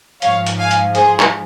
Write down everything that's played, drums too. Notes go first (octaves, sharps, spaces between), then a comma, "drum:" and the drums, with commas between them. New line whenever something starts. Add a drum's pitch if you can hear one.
G#2 F3 C#5 F5, drum: hi-hat
drum: hi-hat
F5 G#5
drum: hi-hat
G#4 C5, drum: hi-hat
drum: clap